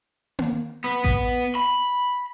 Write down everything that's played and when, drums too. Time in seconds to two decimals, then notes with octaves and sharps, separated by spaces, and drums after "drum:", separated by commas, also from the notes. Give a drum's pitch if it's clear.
0.39 drum: tom A#3
0.84 B3
1.04 B3, drum: kick A1
1.55 B5